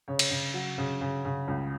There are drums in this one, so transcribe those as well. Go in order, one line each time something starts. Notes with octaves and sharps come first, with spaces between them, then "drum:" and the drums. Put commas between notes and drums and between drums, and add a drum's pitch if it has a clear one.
C#3 C#5
drum: cymbal
C#3
F#3
C#3
C#3
C#3
C#2